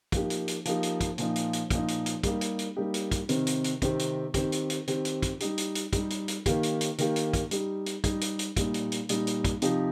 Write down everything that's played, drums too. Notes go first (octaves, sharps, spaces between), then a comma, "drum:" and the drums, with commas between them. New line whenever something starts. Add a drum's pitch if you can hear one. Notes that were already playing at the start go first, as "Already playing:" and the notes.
F3 A#3 D#4 G4, drum: kick, hi-hat
drum: hi-hat
drum: hi-hat
F3 A#3 D#4 G4, drum: hi-hat
drum: hi-hat
drum: kick, hi-hat
A#2 F3 D#4, drum: hi-hat
drum: hi-hat
drum: hi-hat
A#2 F3 D#4, drum: kick, hi-hat
drum: hi-hat
drum: hi-hat
G3 A#3 D#4 G4, drum: kick, hi-hat
drum: hi-hat
drum: hi-hat
G3 A#3 D#4 G4
drum: hi-hat
drum: kick, hi-hat
C3 D#3 C4 G4, drum: hi-hat
drum: hi-hat
drum: hi-hat
C3 D#3 C4 G4, drum: kick, hi-hat
drum: hi-hat
D#3 C4 G4, drum: kick, hi-hat
drum: hi-hat
drum: hi-hat
D#3 C4 G4, drum: hi-hat
drum: hi-hat
drum: kick, hi-hat
G3 D#4 G4, drum: hi-hat
drum: hi-hat
drum: hi-hat
G3 D#4 G4, drum: kick, hi-hat
drum: hi-hat
drum: hi-hat
D#3 A#3 G4, drum: kick, hi-hat
drum: hi-hat
drum: hi-hat
D#3 A#3 G4, drum: hi-hat
drum: hi-hat
drum: kick, hi-hat
G3 D#4 G4, drum: hi-hat
drum: hi-hat
G3 D#4 G4, drum: kick, hi-hat
drum: hi-hat
drum: hi-hat
A#2 G3 D#4, drum: kick, hi-hat
drum: hi-hat
drum: hi-hat
A#2 G3 D#4, drum: hi-hat
drum: hi-hat
drum: kick, hi-hat
C3 F3 D#4 G4, drum: hi-hat